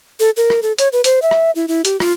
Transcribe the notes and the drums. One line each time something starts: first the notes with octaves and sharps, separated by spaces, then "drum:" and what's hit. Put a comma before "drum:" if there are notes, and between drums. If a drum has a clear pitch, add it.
A4
A#4
drum: rim click
A4
C#5, drum: hi-hat
B4
C5, drum: hi-hat
E5
drum: rim click
E4
E4
G4, drum: hi-hat
F4, drum: rim click